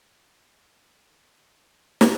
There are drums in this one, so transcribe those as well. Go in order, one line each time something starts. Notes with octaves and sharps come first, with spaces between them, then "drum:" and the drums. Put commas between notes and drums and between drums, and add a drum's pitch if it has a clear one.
D3
D#3
D3
drum: snare